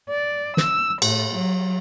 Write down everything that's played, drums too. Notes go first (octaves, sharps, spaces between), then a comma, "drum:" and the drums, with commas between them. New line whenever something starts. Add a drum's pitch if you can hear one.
D5
E6, drum: snare
A2, drum: cymbal
F#3